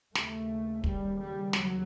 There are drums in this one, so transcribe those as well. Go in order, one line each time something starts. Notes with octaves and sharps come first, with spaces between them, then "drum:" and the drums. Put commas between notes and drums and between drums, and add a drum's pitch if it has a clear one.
D#2 C#3 A3, drum: snare
G3, drum: kick
G3
F#3, drum: snare